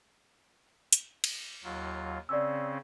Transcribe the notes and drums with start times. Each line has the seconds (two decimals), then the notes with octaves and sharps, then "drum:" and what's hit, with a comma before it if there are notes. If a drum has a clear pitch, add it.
0.93 drum: hi-hat
1.24 drum: cymbal
1.64 D#2 F#3 F4
2.29 C#3 C4 C#4 D5 E6